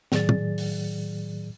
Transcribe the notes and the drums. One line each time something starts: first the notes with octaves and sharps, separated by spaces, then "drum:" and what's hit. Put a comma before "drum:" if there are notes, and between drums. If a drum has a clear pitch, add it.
A2 D#3 F#3 G#4 D5 A6, drum: snare
drum: tom
drum: open hi-hat